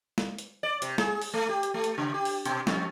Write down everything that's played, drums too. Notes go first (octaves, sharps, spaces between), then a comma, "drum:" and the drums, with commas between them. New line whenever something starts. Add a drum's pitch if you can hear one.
drum: snare
drum: hi-hat
D5
C3, drum: hi-hat
G#4, drum: snare
drum: open hi-hat
A3
G4
drum: hi-hat
A3
drum: hi-hat
C#3
G4
drum: open hi-hat
B2, drum: hi-hat
F2, drum: snare